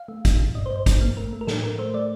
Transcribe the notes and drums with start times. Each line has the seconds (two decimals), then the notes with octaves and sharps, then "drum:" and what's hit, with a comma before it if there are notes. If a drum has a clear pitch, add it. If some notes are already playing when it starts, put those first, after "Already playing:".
Already playing: F5
0.08 A3
0.25 A#2, drum: kick, hi-hat
0.39 C2
0.55 G2 D#5
0.66 C5
0.70 G2
0.76 C5
0.86 G2, drum: kick, hi-hat
1.01 A#3
1.17 A3 A#4
1.33 A3
1.41 A#4
1.47 A2 A4, drum: snare
1.63 A2 A#4
1.78 A3 C5
1.94 A3 D5